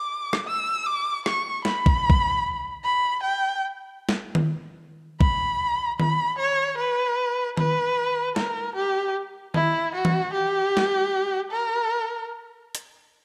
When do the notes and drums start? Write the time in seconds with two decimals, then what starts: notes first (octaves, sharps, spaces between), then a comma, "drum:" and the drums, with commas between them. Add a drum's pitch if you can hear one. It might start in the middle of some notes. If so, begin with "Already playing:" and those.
Already playing: D6
0.33 drum: rim click
0.47 E6
0.86 D6
1.26 C#6, drum: rim click
1.65 B5, drum: snare
1.86 drum: kick A#1
2.10 drum: kick A#1
2.84 B5
3.23 G5
4.09 drum: snare
4.35 drum: tom D#3
5.21 B5, drum: kick A#1
6.00 B5, drum: tom D#3
6.39 C#5
6.78 B4
7.57 B4, drum: tom D#3
8.36 A#4, drum: snare
8.76 G4
9.54 E4, drum: tom D#3
9.95 F#4
10.05 drum: tom E3
10.34 G4
10.77 drum: snare
11.52 A#4
12.75 drum: hi-hat